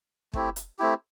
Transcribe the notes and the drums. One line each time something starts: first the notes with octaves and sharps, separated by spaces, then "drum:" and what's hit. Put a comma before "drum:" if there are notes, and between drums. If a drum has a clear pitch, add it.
A3 C4 E4 G4, drum: kick
drum: hi-hat
A3 C4 E4 G4